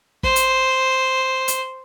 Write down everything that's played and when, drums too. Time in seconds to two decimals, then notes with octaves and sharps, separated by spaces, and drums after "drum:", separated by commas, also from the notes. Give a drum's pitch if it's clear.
0.23 C5, drum: kick
0.36 drum: hi-hat
1.48 drum: hi-hat